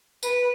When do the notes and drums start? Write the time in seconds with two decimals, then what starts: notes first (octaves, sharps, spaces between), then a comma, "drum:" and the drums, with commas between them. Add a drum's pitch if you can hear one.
0.23 B4, drum: tambourine